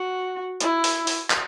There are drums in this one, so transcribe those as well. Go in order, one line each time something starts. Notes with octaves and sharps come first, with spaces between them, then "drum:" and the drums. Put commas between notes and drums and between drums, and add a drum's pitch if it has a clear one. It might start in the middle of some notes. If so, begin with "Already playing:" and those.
Already playing: F#4
E4, drum: hi-hat
drum: open hi-hat
drum: open hi-hat
drum: clap